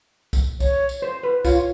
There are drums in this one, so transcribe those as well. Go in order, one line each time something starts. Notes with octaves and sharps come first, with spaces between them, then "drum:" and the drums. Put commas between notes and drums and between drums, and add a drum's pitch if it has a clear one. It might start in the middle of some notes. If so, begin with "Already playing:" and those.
drum: kick B1, tambourine
C#5, drum: kick B1, tambourine
drum: tambourine
C5
B4
F4 C#5, drum: kick B1, tambourine